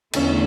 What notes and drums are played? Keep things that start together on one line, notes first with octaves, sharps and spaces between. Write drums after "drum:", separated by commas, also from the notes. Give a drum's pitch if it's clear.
E2 D3 A3 C#4, drum: cymbal